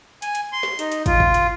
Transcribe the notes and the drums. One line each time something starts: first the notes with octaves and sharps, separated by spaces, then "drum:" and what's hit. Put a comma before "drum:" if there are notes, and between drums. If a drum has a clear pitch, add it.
G#5, drum: hi-hat
drum: hi-hat
C6
drum: snare
D#4, drum: hi-hat
drum: hi-hat
F4, drum: kick, hi-hat
drum: kick
drum: hi-hat